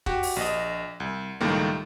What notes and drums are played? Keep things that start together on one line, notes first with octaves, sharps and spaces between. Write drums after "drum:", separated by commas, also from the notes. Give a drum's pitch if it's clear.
F#4 G4, drum: kick E1
drum: open hi-hat
A#1 D#5
C2
C#2 A2 D#3 G3 A3 A#3